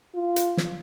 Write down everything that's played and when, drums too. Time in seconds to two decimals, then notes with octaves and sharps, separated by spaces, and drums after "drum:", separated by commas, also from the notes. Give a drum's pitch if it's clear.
0.15 F4
0.36 drum: hi-hat
0.57 drum: snare